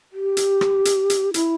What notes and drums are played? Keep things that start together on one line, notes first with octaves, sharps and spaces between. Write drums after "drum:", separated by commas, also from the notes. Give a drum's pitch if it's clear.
G4
drum: hi-hat
drum: rim click
drum: hi-hat
drum: hi-hat
E4, drum: hi-hat